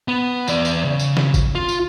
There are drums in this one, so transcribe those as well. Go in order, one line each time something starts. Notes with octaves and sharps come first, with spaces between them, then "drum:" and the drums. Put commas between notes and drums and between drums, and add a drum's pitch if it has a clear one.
B3
E2 D5, drum: tambourine
drum: tambourine
C#3
drum: tambourine
drum: snare
drum: kick, tambourine
F4
drum: tambourine